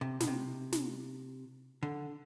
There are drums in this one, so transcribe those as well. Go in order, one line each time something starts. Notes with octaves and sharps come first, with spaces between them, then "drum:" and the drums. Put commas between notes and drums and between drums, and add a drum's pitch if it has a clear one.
C3
B2, drum: snare
C3
drum: snare
D3